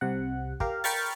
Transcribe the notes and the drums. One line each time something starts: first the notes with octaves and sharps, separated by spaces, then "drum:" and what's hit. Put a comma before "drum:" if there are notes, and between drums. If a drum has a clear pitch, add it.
C2 C3 F#5
G4 A#4 F5, drum: kick
A#4 G5 B5 C#6 F6 A6, drum: open hi-hat